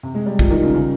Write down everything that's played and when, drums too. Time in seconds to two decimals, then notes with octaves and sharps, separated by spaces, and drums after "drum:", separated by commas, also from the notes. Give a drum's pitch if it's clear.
0.03 C3
0.15 G#3
0.26 G3
0.39 F3, drum: kick
0.50 D#3
0.63 C#3
0.74 C#3